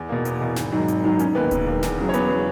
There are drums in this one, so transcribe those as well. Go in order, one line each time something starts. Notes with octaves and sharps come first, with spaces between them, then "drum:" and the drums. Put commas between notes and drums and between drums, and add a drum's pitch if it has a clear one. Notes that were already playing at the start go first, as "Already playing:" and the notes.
Already playing: E2
B2 A#3
E2, drum: hi-hat
B2 A#3
G#1, drum: snare
G#2 D#3 F#3
G#1, drum: hi-hat
G#2 D#3 F#3
E1 C#4, drum: hi-hat
D#2 D#3 A#3 B3 B4
E1, drum: kick D#1, hi-hat
D#2 D#3 A#3
E2, drum: snare
C#3 F#3
C#5
E2 B3 B4, drum: hi-hat
C#3 F#3